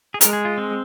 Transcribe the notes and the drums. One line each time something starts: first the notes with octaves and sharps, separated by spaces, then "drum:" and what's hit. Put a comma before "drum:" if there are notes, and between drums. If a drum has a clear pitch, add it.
G#4
G#3 A#4, drum: hi-hat
G#4
F4
C4